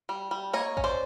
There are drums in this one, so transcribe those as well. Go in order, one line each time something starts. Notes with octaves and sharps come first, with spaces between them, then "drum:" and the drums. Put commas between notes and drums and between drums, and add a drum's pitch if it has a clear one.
G3
G3
A#3 C#5 D#5
C#4, drum: kick A1
C5 D5